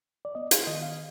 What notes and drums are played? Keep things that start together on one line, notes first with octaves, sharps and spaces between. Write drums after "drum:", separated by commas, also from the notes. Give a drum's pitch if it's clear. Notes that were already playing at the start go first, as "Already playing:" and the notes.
D5
B3 D#5
F5, drum: hi-hat
D#3 D#5
F5